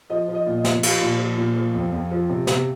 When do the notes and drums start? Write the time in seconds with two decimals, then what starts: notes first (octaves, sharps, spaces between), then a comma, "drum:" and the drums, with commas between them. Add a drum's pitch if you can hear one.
0.10 F3 D#5
0.28 F3
0.35 D#5
0.46 A#2
0.58 D#5
0.64 F3, drum: snare
0.83 F3 F5, drum: cymbal
1.01 A#2
1.19 F3
1.37 A#2
1.55 F3
1.75 F2
1.92 F2
2.11 F3
2.30 C3
2.47 C3, drum: snare